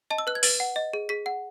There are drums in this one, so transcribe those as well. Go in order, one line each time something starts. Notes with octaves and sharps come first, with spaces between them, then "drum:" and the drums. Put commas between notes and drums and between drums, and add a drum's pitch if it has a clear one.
D#5 A5
E6
B4 F#6
G#6
B4 A6, drum: open hi-hat
F#5
D#5
G#4
G#4 B6
F#5